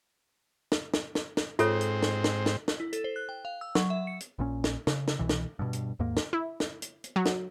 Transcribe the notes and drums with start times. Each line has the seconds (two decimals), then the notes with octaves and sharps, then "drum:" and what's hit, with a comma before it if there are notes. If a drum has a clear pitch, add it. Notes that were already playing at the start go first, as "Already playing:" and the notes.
0.72 drum: snare
0.94 drum: snare
1.15 drum: snare
1.37 drum: snare
1.59 G#2 C4 F4 A4 C#5, drum: hi-hat
1.81 drum: hi-hat
2.03 drum: snare
2.24 drum: snare
2.46 drum: snare
2.68 drum: snare
2.80 E4
2.93 A4, drum: hi-hat
3.04 C5
3.16 F#6
3.29 G5
3.45 F5
3.61 E6
3.75 F#3, drum: snare
3.90 E5
4.07 C#7
4.20 drum: hi-hat
4.39 A#1 A#2 C#4
4.64 drum: snare
4.87 C#3, drum: snare
5.08 drum: snare
5.19 C2 B2 E3
5.29 drum: snare
5.59 G2 B2
5.73 drum: hi-hat
5.99 D#2 G#2 A#3
6.17 drum: snare
6.33 E4
6.60 drum: snare
6.82 drum: hi-hat
7.04 drum: hi-hat
7.16 F#3
7.26 drum: snare